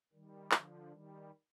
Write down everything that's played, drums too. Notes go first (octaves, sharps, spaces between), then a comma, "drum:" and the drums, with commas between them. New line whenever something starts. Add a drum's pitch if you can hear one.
D#3 G3
D3 F3, drum: clap
D#3 G3